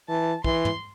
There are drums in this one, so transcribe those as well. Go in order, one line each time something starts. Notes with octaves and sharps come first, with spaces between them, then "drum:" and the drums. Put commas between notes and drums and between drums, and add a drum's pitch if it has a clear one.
E3 A5
E3 C6, drum: kick
drum: tom